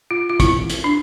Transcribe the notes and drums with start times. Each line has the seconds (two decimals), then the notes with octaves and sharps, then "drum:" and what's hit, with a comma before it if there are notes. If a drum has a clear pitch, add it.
0.11 F4
0.29 F4
0.40 E4, drum: kick, hi-hat
0.70 drum: hi-hat
0.84 D4